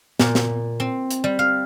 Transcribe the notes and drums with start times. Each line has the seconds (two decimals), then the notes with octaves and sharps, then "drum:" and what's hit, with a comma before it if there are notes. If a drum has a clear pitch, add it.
0.20 A#2, drum: snare
0.35 drum: snare
0.80 C4
1.11 drum: hi-hat
1.24 G3
1.39 F5